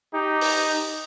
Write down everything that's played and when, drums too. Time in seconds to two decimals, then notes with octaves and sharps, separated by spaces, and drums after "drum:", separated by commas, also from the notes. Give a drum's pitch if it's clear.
0.14 D#4 G4
0.41 drum: open hi-hat